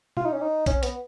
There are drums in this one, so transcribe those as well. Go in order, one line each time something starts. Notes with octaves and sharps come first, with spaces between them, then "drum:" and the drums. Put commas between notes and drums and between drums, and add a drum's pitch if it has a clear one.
F4, drum: tom
D#4
C#4
D#4
C#4, drum: kick B1, hi-hat
B3, drum: hi-hat